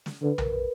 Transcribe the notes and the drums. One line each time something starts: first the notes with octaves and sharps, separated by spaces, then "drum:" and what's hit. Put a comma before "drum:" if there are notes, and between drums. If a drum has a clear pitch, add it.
drum: snare
D3 B4
A#4, drum: tom B1
B4